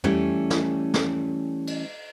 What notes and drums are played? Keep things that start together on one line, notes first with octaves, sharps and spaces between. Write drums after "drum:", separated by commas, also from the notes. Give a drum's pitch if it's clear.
E3 G3 A3 C#4, drum: tom
drum: snare
drum: snare
drum: cymbal